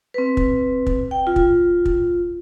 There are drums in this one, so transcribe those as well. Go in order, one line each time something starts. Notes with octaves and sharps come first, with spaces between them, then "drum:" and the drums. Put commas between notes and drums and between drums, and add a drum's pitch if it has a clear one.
C4 B4
drum: kick
drum: kick
G5
F4
drum: kick
drum: kick